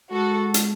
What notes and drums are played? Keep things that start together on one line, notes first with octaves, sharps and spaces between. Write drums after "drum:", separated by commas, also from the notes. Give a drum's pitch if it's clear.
G#3 F#4 A4
drum: hi-hat